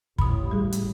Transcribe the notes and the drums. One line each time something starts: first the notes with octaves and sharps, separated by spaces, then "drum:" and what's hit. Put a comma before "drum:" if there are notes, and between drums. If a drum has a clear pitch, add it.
A1 B5 D#6, drum: kick
G3 G#4
drum: hi-hat